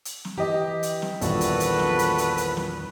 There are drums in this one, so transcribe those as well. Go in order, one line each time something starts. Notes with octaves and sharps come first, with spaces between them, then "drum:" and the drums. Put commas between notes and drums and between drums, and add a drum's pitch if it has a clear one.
drum: hi-hat
drum: snare
E3 G4 D#5
drum: hi-hat
drum: snare
A#1 E2 D#3 G3 F#4 A4 B4, drum: hi-hat
drum: hi-hat
drum: hi-hat
drum: snare
drum: hi-hat
drum: hi-hat
drum: hi-hat
drum: snare